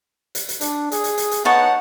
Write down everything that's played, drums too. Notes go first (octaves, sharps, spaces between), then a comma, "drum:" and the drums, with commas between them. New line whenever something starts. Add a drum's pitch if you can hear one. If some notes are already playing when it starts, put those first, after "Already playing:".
drum: hi-hat
drum: hi-hat
D4, drum: hi-hat
G#4, drum: hi-hat
drum: hi-hat
drum: hi-hat
drum: hi-hat
B3 D#4 C#5 F#5 A5